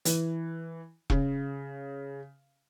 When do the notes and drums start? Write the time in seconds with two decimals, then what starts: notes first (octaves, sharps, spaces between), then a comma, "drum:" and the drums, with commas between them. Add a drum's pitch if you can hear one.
0.05 E3, drum: hi-hat
1.10 C#3, drum: kick E1